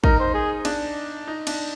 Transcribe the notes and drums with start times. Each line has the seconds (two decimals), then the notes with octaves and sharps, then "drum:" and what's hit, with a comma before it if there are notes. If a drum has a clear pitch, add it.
0.04 D#4 A#4, drum: kick
0.20 C5
0.34 G#4
0.65 D4, drum: cymbal
1.27 D#4
1.47 D4, drum: cymbal